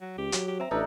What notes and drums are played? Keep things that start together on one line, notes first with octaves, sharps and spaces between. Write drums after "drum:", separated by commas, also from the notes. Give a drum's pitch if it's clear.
F#3
C#2 G4
F#3, drum: hi-hat
G4
C4 E5 A#5
A1 D4 D#4 A4 B4